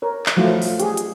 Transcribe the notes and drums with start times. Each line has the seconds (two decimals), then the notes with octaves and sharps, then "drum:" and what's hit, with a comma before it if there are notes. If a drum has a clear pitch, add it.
0.02 A#4 C#5
0.26 drum: clap
0.37 F3 F#3 A3 E4 F4
0.62 drum: open hi-hat
0.80 G4 G#4, drum: hi-hat
0.97 drum: hi-hat